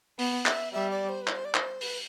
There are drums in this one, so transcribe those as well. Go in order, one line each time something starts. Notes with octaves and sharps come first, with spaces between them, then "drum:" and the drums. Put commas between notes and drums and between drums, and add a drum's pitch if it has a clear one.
B3, drum: open hi-hat
E5, drum: clap
G3 E5
D5
C5
B4
C5, drum: clap
D5
C5, drum: clap
B4, drum: open hi-hat